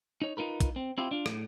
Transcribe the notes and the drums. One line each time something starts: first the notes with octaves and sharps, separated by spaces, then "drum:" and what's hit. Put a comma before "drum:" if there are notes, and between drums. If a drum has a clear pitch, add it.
D#4 C#5
D#4 F4 A#4 B4
drum: kick, hi-hat
C4
C4 E4 F4 G4
D4 F4
A2, drum: rim click